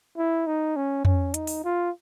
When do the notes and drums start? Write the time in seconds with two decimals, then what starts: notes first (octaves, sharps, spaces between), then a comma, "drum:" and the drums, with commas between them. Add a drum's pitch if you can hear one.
0.18 E4
0.47 D#4
0.76 C#4
1.05 C#4, drum: tom F2
1.34 D#4, drum: hi-hat
1.47 drum: open hi-hat
1.64 F4